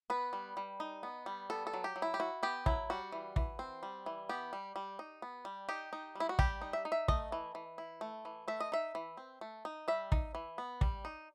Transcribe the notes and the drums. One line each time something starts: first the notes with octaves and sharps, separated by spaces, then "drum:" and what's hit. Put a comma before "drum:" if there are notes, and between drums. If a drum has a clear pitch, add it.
B3 B4
G3
G3
D#4
B3
G3
B3 A4
A4
F#3
G4
F#3
E4
G4
E4 F#4
B3 G4
F#3 E4, drum: kick
G3 F#4
E3
E3, drum: kick
C4
G3
E3
B3 G4
G3
G3
D#4
B3
G3
D#4 G4
D#4
G3 E4
F#4
G3 G4, drum: kick
D#4
E5
D#4
E5
A3 D#5, drum: kick
E3
E3
E4
A3
E3
A3 E5
D#5
D#4 E5
E3
C4
A3
D#4
G3 E5
D#4, drum: kick
E3
B3
G3, drum: kick
D#4